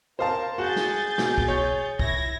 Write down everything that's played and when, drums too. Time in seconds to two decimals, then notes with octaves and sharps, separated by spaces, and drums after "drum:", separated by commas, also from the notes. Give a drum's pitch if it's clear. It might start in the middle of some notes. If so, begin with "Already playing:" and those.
0.19 A#4 C5 F5 A5
0.58 F#4 G#4 G#5 G6 A6
0.76 drum: snare
1.18 B2, drum: snare
1.38 drum: kick
1.48 C#5
1.99 E4 G#6 A#6, drum: kick